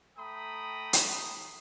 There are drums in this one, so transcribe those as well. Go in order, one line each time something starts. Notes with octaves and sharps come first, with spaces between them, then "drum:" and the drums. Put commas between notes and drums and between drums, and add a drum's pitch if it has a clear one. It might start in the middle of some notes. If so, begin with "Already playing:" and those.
A3 G5 A#5 B5 D#6
drum: hi-hat